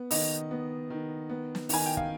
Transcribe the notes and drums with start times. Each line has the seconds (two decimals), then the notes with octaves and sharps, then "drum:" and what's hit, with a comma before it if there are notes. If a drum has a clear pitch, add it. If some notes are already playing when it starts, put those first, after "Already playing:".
Already playing: B3
0.11 D#3 D#5, drum: open hi-hat
0.51 B3
0.90 D#3
1.30 B3
1.55 drum: snare
1.69 D#3 G#5, drum: open hi-hat
1.86 G5
1.97 F5, drum: kick